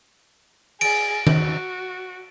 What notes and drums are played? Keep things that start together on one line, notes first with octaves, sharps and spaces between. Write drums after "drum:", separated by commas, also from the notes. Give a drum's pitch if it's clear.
G#4 D7, drum: cymbal
F#4, drum: tom D#3